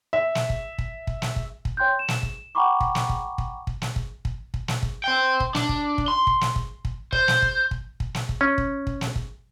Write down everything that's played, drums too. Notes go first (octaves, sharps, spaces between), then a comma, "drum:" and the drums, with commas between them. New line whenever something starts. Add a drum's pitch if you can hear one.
E5
drum: snare
drum: kick
drum: kick
drum: kick
drum: snare
drum: kick
drum: kick
C#5 G5 C6 F#6 G6
E7
drum: snare
drum: kick
F#5 G5 A#5 B5 C#6 D6
drum: kick
drum: snare
drum: kick
drum: kick
drum: kick
drum: snare
drum: kick
drum: kick
drum: kick
drum: snare
drum: kick
C5 G5
drum: kick
D4, drum: snare
drum: kick
drum: kick
C6
drum: kick
drum: snare
drum: kick
drum: kick
C5, drum: kick
drum: snare
drum: kick
drum: kick
drum: kick
drum: snare
drum: kick
C#4
drum: kick
drum: kick
drum: snare
drum: kick